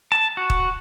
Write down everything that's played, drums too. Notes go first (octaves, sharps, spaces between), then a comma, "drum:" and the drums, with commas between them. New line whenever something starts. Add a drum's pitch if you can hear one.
A5
F#4
drum: kick